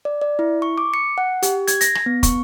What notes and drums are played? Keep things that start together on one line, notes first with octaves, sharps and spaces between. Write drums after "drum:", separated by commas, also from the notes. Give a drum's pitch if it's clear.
D5
D5
E4
C#6
D6
C#7
F#5
G4, drum: hi-hat
G#6, drum: hi-hat
A#6, drum: hi-hat
drum: rim click
B3
C#6, drum: kick, hi-hat